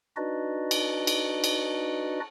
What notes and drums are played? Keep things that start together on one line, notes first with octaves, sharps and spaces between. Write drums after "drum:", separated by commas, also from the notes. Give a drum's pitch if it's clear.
D4 D#4 F#4 B4 D5 D#5
drum: cymbal
drum: cymbal
drum: cymbal